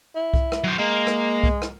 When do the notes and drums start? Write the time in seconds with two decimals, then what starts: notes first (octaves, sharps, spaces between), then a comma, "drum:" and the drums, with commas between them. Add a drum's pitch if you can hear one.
0.15 E4
0.34 drum: kick C2
0.52 drum: rim click
0.64 F#3 C5
0.78 G#3 A#3 F5
1.07 drum: rim click
1.43 drum: kick C2
1.62 drum: rim click